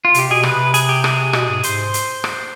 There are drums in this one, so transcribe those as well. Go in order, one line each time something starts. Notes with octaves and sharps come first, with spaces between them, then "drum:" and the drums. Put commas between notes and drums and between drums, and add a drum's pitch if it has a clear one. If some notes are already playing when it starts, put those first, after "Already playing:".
F4
C3 G4, drum: hi-hat
B2 G#4
C3 B4, drum: rim click
G#4, drum: hi-hat
G4
G#4, drum: rim click
B2, drum: rim click
G#2
G#2 C5, drum: hi-hat
drum: hi-hat
drum: rim click